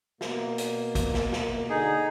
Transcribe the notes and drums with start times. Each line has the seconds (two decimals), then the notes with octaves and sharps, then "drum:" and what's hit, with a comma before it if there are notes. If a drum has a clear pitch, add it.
0.21 B2 A#3, drum: snare
0.58 drum: hi-hat
0.95 drum: kick, hi-hat
1.14 drum: snare
1.33 drum: snare
1.70 D3 D#4 G#4